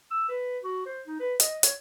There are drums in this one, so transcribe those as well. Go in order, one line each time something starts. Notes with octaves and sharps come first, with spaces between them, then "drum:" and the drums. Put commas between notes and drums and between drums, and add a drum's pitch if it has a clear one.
E6
B4
F#4
C5
D#4
B4
D#5, drum: hi-hat
C#5, drum: hi-hat